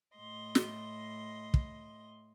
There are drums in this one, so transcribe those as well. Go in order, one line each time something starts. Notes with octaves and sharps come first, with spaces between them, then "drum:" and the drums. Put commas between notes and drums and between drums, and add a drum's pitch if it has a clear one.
A2 D#5 C6
drum: snare
drum: kick